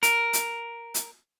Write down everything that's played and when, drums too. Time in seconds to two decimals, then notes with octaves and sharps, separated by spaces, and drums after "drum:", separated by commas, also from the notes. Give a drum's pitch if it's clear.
0.03 A#4, drum: hi-hat
0.33 drum: hi-hat
0.94 drum: hi-hat